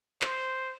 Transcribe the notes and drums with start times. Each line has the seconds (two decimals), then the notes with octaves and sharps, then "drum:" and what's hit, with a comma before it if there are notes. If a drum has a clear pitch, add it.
0.22 C5, drum: clap